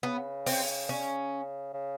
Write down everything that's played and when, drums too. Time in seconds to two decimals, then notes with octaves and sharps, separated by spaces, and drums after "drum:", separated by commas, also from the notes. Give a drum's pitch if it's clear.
0.03 C#3 B3
0.46 C4, drum: open hi-hat
0.89 C#4
1.73 C#3